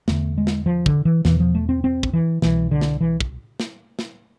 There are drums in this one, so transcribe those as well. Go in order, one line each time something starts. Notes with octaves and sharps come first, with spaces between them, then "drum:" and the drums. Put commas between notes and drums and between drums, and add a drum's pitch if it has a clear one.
E2 D3 A3, drum: snare
G#3
drum: snare
F3
D3, drum: kick
E3
E2 B2 E3, drum: snare
F3
A3
C4
C4
drum: kick
E3
C2 B2 E3, drum: snare
D3
drum: snare
E3
drum: kick
drum: snare
drum: snare